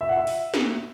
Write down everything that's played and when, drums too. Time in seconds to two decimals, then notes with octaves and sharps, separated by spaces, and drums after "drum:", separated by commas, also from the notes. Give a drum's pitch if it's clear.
0.01 E5
0.09 F#5
0.17 E5
0.27 drum: open hi-hat
0.54 drum: snare